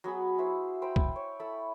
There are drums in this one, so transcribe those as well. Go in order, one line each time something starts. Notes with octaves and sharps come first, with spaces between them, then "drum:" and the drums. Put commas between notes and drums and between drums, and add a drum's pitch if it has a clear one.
F#3 B3 G#4 B5
E4 F#4 C5 E5
C5 G5 A#5 B5
drum: kick C2
C#5
E4 A4 A5 B5